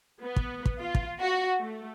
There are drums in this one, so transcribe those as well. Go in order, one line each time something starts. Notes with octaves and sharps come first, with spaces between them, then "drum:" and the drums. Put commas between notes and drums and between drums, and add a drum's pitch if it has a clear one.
B3
drum: kick
drum: kick
F4
drum: kick
F#4
A3